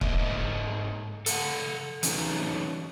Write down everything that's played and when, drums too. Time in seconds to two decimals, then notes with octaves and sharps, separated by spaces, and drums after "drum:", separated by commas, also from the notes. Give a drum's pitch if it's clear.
0.01 G#2 A#3 D#5 E5, drum: kick
1.26 A4 F5 F#5, drum: hi-hat
2.03 E3 F#3 C#4 D#4, drum: hi-hat